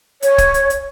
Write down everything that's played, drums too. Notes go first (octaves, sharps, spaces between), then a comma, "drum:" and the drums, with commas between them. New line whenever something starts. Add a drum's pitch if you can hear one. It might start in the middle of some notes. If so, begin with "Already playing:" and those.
C#5, drum: hi-hat
drum: kick, hi-hat
drum: hi-hat
drum: hi-hat